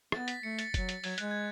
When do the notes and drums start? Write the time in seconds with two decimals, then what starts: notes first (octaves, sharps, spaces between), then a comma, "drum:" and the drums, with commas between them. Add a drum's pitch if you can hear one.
0.12 B3 A6, drum: rim click
0.28 B6, drum: hi-hat
0.43 A3 C#7
0.59 A6, drum: hi-hat
0.74 F#3, drum: kick F#1, hi-hat
0.89 drum: hi-hat
1.04 F#3 G#6, drum: open hi-hat
1.18 G#3 F#6, drum: hi-hat
1.31 G#6